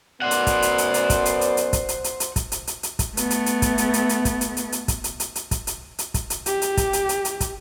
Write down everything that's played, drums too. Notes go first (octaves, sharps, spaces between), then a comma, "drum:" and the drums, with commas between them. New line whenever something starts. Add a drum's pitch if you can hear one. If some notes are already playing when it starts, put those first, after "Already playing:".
F#2 B3 C5 D5 F#5
drum: hi-hat
drum: kick, hi-hat
drum: hi-hat
drum: hi-hat
drum: hi-hat
drum: kick, hi-hat
drum: hi-hat
drum: hi-hat
drum: hi-hat
drum: kick, hi-hat
drum: hi-hat
drum: hi-hat
drum: hi-hat
drum: kick, hi-hat
drum: hi-hat
drum: hi-hat
drum: hi-hat
drum: kick, hi-hat
A3 B3, drum: hi-hat
drum: hi-hat
drum: hi-hat
drum: kick, hi-hat
drum: hi-hat
drum: hi-hat
drum: hi-hat
drum: kick, hi-hat
drum: hi-hat
drum: hi-hat
drum: hi-hat
drum: kick, hi-hat
drum: hi-hat
drum: hi-hat
drum: hi-hat
drum: kick, hi-hat
drum: hi-hat
drum: hi-hat
drum: kick, hi-hat
drum: hi-hat
G4, drum: hi-hat
drum: hi-hat
drum: kick, hi-hat
drum: hi-hat
drum: hi-hat
drum: hi-hat
drum: kick, hi-hat